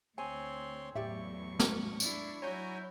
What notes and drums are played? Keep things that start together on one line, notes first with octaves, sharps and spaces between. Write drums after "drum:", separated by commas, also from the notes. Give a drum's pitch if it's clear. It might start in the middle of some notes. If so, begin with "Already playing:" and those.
D2 C4 C#5 G#5 C6
E2 A2 F#3 G4 D5 E5 C#6
drum: snare
D4 E4, drum: tambourine
F#3 E4 F#4 C#5 G#5 A#5 G6